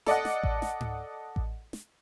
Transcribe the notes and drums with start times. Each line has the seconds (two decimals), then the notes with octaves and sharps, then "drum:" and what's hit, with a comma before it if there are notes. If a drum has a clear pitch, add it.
0.06 A4 D5 D#5 F#5, drum: snare
0.25 drum: snare
0.43 drum: kick A1
0.62 drum: snare
0.81 drum: tom G#2
1.36 drum: kick A1
1.73 drum: snare